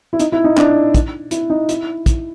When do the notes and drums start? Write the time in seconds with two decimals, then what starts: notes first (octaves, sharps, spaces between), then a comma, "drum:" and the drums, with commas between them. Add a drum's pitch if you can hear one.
0.13 E4
0.19 D#4, drum: hi-hat
0.32 E4
0.44 D#4
0.57 D4, drum: clap
0.95 drum: kick, hi-hat
1.31 E4, drum: hi-hat
1.50 D#4
1.69 E4, drum: hi-hat
2.06 drum: kick, hi-hat